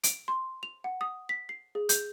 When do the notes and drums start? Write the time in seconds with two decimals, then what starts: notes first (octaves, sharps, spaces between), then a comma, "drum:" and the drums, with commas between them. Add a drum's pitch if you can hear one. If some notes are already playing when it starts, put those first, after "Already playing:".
0.04 D7, drum: hi-hat
0.28 C6
0.63 F7
0.84 F#5
1.01 D#6
1.29 B6
1.49 C7
1.75 G#4
1.89 G6, drum: hi-hat